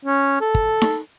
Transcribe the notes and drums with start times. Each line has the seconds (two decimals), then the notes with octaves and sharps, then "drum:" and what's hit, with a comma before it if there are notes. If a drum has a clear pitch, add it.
0.05 C#4
0.41 A4
0.55 drum: kick
0.82 drum: snare D#4